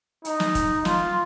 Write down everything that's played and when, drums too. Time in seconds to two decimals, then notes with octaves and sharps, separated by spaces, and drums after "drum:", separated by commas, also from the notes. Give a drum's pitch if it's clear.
0.25 D#4, drum: hi-hat
0.40 drum: snare
0.55 drum: kick, hi-hat
0.85 F4, drum: snare